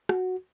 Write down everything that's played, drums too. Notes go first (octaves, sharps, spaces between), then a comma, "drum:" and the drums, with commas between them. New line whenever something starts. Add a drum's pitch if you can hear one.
F#4, drum: rim click